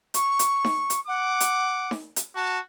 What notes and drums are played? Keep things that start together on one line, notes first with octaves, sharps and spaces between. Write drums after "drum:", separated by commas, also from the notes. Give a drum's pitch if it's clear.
C#6, drum: hi-hat
drum: hi-hat
drum: snare D#4
drum: hi-hat
F#5 D6
drum: hi-hat
drum: snare D#4
drum: hi-hat
F#4 A5